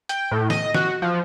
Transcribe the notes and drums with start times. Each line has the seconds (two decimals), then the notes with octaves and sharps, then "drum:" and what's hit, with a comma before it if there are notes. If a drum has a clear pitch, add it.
0.09 G5, drum: hi-hat
0.31 A2
0.50 D#5, drum: snare
0.74 F#4, drum: snare
1.02 F3